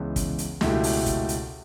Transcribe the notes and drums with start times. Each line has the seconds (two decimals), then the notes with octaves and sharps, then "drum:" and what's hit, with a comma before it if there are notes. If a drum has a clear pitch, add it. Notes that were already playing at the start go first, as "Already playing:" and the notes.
Already playing: C#2 C#3 E3 B3
0.16 drum: kick, hi-hat
0.38 drum: hi-hat
0.61 C#2 B2 A3 E4 G4, drum: snare
0.84 drum: open hi-hat
1.06 drum: kick, hi-hat
1.29 drum: hi-hat